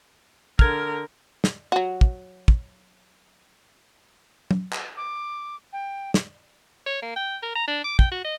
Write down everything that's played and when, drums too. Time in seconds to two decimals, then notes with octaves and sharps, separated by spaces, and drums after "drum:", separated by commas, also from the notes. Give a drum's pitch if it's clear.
0.59 D3 A#4 F6 G#6, drum: kick
1.44 drum: snare
1.72 F#3 F#4
2.01 drum: kick
2.48 drum: kick
4.51 drum: tom
4.73 drum: clap
4.97 D6
5.73 G5
6.14 drum: snare
6.87 C#5
7.02 A#3
7.16 G5
7.43 A#4
7.56 A#5
7.68 D4
7.84 D6
7.99 G5, drum: kick
8.12 F#4
8.24 D#5